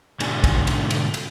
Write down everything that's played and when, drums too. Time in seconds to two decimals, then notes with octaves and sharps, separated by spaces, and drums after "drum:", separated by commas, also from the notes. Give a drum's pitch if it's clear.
0.20 G#2 B2 D3 D4 G4 G#5, drum: cymbal
0.44 drum: kick, cymbal
0.67 drum: cymbal
0.90 drum: cymbal
1.14 drum: cymbal